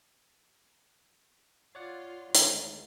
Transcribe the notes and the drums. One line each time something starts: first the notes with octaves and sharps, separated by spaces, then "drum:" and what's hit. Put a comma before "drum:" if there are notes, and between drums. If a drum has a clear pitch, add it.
F4 C#5 D5 F#5 A6
D2 D#3 G#3, drum: hi-hat